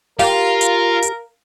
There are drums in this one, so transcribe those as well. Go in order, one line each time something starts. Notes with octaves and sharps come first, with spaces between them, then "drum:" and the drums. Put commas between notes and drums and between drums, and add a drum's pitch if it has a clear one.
F4 G4 A#4 F5, drum: open hi-hat
drum: hi-hat
drum: hi-hat